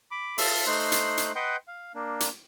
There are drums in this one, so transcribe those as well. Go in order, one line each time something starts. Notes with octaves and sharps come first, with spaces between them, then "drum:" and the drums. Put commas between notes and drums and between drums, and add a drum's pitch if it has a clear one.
B5 D6
F4 A4 E5 C6, drum: open hi-hat
A3 D#4 C5 C6 F#6
drum: hi-hat
drum: hi-hat
B4 D#5 F#5 G5 C6 G6
F5
A#3 D4
drum: hi-hat